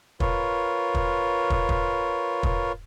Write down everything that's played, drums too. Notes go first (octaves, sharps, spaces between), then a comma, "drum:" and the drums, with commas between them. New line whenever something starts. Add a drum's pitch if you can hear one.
F4 A#4 B4 C#5, drum: kick
drum: kick
drum: kick
drum: kick
drum: kick